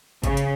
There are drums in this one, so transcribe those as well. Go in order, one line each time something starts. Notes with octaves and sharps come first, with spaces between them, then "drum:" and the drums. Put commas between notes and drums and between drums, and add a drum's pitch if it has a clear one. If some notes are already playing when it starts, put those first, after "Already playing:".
C#3, drum: kick G#1, hi-hat
drum: hi-hat